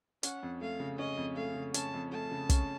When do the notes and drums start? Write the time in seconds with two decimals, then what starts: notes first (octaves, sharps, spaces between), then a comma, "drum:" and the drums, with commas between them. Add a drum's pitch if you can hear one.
0.23 C#4 F#5, drum: hi-hat
0.43 F2
0.61 A3 F5
0.80 C#3
0.99 C#4 D#5
1.17 F2
1.37 A3 F5
1.55 C#3
1.74 C#4 A5, drum: hi-hat
1.94 F2
2.12 A3 A5
2.31 C#3
2.49 C#4, drum: kick, hi-hat